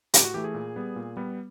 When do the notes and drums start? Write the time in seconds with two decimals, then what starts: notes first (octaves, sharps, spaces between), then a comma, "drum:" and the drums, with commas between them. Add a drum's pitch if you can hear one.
0.14 A2 G4, drum: hi-hat
0.24 F#4
0.34 E3 A3 G4
0.44 G#4
0.54 A#2
0.76 G3 B3
0.96 A#2
1.17 G3 B3